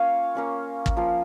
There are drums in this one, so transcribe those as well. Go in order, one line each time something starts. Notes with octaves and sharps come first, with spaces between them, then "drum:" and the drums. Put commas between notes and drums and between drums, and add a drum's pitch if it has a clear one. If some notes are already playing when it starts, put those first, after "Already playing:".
Already playing: A#3 C#4 F4 C#5 F5
A#3 C#4 F4
drum: kick
F3 A#3 F4